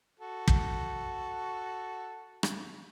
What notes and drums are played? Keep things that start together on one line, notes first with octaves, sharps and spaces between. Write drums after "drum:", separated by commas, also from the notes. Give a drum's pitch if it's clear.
F#4 A4
drum: kick
drum: rim click